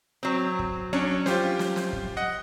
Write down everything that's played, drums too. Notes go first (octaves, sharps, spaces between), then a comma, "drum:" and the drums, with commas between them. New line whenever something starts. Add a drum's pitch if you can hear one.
F#3 C4
drum: kick
F#3 C#4 D4 C#5
F4 G4 C5, drum: snare
drum: snare
drum: snare
drum: kick
D#5 F#5